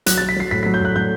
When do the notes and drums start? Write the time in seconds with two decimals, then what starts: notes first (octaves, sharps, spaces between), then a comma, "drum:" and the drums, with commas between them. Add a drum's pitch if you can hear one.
0.06 F#3 F#6, drum: hi-hat
0.18 F#3 A6
0.29 B6
0.36 F#3 C7
0.51 A2 B6
0.63 F#3 B6
0.74 G6
0.81 A2 F#6
0.96 A2 G6